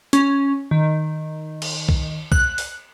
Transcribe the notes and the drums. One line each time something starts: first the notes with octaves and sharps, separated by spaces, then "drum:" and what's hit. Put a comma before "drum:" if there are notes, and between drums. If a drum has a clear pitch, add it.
C#4, drum: hi-hat
D#3
drum: cymbal
drum: kick
F#6, drum: kick
drum: open hi-hat